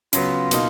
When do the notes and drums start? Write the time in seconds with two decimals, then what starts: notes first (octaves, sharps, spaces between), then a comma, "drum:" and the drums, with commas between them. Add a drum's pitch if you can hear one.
0.13 C#3 F#3 B3 F4, drum: hi-hat
0.51 B2 A#3 D#4, drum: hi-hat